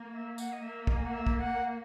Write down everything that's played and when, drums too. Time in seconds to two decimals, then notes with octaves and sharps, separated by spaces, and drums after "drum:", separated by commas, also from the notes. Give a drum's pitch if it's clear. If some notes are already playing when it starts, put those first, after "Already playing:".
Already playing: A#3
0.13 E5
0.38 F#5, drum: tambourine
0.52 D#5
0.63 A#3 E5
0.87 D#5, drum: kick
0.97 G#5
1.04 F#5
1.13 E5
1.27 drum: kick
1.39 F#5